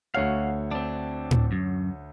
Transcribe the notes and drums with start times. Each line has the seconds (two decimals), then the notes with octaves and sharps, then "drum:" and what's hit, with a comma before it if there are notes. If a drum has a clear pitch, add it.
0.14 D2 F#4 C#5 F5 F#5
0.71 C4 D4
1.31 drum: tom A2
1.52 F#2